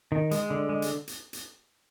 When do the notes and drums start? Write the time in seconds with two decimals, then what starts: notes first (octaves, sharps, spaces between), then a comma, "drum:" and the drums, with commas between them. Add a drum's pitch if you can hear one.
0.12 D#3
0.31 G#3, drum: hi-hat
0.50 D3
0.69 G#3
0.82 drum: hi-hat
1.07 drum: hi-hat
1.33 drum: hi-hat